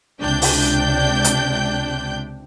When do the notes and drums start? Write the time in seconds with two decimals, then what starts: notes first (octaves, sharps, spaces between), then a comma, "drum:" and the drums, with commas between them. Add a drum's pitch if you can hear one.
0.21 C#2 C3 D4 G5 G6
0.42 drum: open hi-hat
1.24 drum: hi-hat